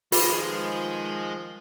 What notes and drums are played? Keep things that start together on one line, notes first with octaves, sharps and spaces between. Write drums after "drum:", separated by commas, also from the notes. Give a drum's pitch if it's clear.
D#3 F3 G#3 F4 G4 B4, drum: open hi-hat